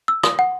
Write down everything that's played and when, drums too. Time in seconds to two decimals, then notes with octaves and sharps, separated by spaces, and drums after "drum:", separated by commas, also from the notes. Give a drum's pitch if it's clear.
0.08 E6
0.23 D#6, drum: rim click
0.39 F#5